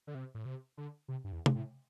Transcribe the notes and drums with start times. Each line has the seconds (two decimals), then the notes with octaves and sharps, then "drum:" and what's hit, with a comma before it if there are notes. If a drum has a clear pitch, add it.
0.07 D3
0.15 C3
0.35 A2
0.45 C3
0.77 D3
1.08 C3
1.24 G2
1.32 E2
1.46 drum: tom
1.55 A2